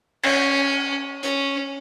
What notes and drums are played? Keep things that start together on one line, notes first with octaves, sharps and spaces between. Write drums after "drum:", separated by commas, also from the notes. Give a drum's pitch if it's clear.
C#4, drum: cymbal
C#4, drum: hi-hat